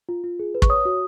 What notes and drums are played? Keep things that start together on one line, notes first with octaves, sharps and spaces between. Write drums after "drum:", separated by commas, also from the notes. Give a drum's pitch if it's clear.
F4
F4
G#4
B4
C#6, drum: kick
C#5 D#6
F#4